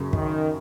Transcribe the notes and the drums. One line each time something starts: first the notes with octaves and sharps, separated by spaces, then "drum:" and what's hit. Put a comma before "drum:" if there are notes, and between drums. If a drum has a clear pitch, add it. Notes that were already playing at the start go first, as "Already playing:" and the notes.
Already playing: F#2 C#3 F#3 C#4 G#4
D#3, drum: kick